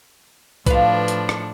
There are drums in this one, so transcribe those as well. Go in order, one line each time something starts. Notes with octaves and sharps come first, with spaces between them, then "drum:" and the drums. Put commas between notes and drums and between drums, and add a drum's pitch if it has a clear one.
A2 F3 D4 B4 F5, drum: kick, hi-hat
drum: hi-hat
drum: rim click